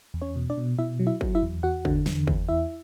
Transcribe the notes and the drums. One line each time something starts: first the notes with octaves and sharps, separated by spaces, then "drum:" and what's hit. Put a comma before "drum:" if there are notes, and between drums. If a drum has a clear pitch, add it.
E2
C#4 C#5
B2
D4 D5
B2
B2 E4 E5
F#3
E4 E5
F#3, drum: kick
E4 E5
E2
E2 F#4 F#5
D3, drum: kick
E2, drum: snare
E2, drum: kick
E2 E4 E5